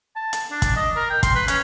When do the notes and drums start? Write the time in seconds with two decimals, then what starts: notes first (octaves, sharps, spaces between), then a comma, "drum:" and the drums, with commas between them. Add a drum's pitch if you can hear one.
0.16 A5
0.33 drum: hi-hat
0.52 D4
0.62 drum: kick, hi-hat
0.77 D#5
0.96 A#4
1.10 G5
1.23 C6, drum: kick, hi-hat
1.35 B4
1.48 C#4, drum: hi-hat